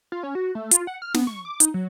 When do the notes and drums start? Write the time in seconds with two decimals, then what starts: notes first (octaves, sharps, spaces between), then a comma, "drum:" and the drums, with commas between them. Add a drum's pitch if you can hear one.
0.12 F4
0.23 C#4
0.35 F#4
0.55 A3
0.71 F4, drum: hi-hat
0.87 F#5
1.02 F6
1.14 B3, drum: snare
1.27 C#6
1.45 D6
1.60 D#4, drum: hi-hat
1.74 F#3